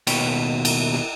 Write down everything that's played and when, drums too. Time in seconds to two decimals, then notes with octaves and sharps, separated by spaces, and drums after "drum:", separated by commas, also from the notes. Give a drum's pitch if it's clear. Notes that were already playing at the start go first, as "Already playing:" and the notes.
0.07 D#2 B2 B4 C#5 G5, drum: cymbal
0.65 drum: cymbal
0.94 drum: snare